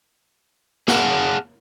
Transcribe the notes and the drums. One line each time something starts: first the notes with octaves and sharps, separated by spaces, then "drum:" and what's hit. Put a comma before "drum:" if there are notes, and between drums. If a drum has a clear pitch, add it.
G#4 F5 F#5 A5, drum: snare